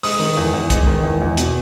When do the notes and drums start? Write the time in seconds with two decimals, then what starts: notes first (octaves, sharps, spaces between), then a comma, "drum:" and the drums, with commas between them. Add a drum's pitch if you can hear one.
0.03 G#3 D#6, drum: open hi-hat
0.20 D#3
0.37 E2
0.54 E2
0.70 G#3, drum: kick, hi-hat
0.87 D#3
1.04 E2
1.22 E2
1.37 B2, drum: hi-hat